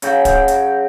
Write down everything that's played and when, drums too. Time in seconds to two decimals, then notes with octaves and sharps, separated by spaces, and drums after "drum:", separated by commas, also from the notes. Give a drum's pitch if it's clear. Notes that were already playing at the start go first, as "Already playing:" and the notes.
0.02 C#3 F#3 G5, drum: hi-hat
0.25 drum: kick, hi-hat
0.48 drum: hi-hat